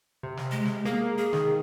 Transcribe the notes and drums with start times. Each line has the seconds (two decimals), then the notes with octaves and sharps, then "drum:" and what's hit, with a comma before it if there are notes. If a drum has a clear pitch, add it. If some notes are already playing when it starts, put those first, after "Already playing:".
0.23 C3
0.37 drum: snare
0.52 G#3
0.65 drum: snare
0.86 A#3 G#4
1.18 G#4
1.33 D#3, drum: snare